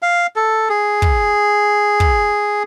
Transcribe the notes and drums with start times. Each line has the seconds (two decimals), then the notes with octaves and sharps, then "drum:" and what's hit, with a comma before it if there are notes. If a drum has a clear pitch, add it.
0.02 F5
0.36 A4
0.69 G#4
1.02 drum: kick
2.00 drum: kick